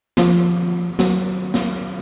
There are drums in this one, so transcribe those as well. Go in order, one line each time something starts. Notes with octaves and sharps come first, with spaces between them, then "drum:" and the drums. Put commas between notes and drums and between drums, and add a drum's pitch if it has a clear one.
F3, drum: snare
F#3, drum: snare
drum: snare